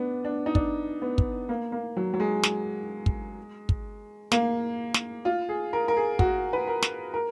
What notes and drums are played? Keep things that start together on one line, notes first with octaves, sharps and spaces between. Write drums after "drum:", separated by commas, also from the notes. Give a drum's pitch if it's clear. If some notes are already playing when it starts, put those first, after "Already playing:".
Already playing: B3 D4
D4
D#4
D4, drum: kick
B3
drum: kick
A#3
A#3
F#3
F#3
G#3
drum: snare
drum: kick
drum: kick
A#3, drum: snare
drum: snare
F4
G#4
A#4
A#4
G#4
F#4, drum: kick
B4
A#4
drum: snare
A#4